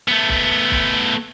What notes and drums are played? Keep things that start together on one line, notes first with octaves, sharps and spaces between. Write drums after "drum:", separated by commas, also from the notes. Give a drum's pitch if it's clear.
A3 B3
drum: kick
drum: kick